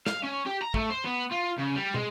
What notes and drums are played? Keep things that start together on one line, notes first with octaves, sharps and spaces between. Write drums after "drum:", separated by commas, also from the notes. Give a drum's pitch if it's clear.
F5, drum: snare
C#4
G4
A#5
A3, drum: kick
C5
B3
F4
C#3
G3
G#3, drum: tom